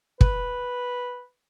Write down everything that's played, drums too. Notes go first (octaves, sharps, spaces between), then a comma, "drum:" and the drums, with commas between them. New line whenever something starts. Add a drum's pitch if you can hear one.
B4, drum: kick